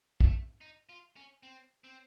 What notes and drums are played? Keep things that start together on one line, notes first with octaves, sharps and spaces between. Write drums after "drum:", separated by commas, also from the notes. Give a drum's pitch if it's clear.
A3, drum: kick
D#4
F4
C#4
C4
C4